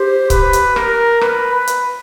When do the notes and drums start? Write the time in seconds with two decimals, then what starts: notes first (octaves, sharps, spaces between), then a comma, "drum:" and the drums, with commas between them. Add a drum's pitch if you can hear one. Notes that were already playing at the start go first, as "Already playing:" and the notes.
Already playing: G4 C5
0.30 B4, drum: kick C#1, hi-hat
0.53 drum: hi-hat
0.76 A#4, drum: rim click
1.21 B4, drum: rim click
1.53 B4
1.67 drum: hi-hat